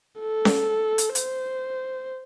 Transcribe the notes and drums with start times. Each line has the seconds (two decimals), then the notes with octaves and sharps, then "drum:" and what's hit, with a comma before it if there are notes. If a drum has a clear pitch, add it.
0.20 A4
0.45 drum: snare C#4
0.98 drum: hi-hat
1.15 C5, drum: hi-hat